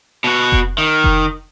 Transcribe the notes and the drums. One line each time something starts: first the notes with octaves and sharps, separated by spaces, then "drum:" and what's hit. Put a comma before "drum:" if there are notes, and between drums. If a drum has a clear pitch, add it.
B2 F#4
drum: kick F1
D#3
drum: kick F1